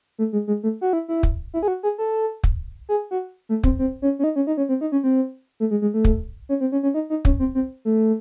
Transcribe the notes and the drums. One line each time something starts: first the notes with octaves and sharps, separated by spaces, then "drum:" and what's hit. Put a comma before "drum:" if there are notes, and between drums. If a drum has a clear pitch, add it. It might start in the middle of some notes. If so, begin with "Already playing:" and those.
A3
G#3
G#3
A3
F#4
E4
E4
drum: kick
E4
G#4
F#4
G#4
A4
drum: kick
G#4
F#4
A3
C4, drum: kick
C4
C#4
C#4
D#4
C#4
D#4
C#4
C4
D#4
C#4
C4
A3
G#3
G#3
A3
drum: kick
C#4
C4
C#4
C#4
D#4
D#4
C#4, drum: kick
C4
C4
A3